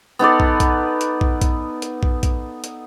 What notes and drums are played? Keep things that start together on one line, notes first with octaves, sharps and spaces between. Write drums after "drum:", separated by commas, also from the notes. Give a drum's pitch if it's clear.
B3 D#4 A4 D5
drum: kick
drum: kick, hi-hat
drum: hi-hat
drum: kick
drum: kick, hi-hat
drum: hi-hat
drum: kick
drum: kick, hi-hat
drum: hi-hat